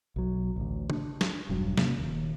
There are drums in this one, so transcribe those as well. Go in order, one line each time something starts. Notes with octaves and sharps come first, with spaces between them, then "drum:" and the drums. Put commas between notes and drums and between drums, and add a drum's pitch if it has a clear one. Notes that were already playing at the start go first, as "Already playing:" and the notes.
B1 F#3
A1 D2
D4, drum: tom
drum: snare
E1 G2 F#3 D4
C3 F3 A#3 C#4, drum: snare
D#1 D#2